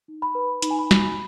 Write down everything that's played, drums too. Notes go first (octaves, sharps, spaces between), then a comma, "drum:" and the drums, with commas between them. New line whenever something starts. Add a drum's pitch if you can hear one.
D#4
B5
B4
D#4 B5, drum: hi-hat
G#5
B5
F#4, drum: snare